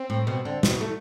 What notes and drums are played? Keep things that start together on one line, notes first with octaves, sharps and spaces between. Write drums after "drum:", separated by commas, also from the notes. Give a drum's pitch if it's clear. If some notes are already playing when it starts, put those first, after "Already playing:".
Already playing: C4
A2
B2
D3
B2, drum: snare
A3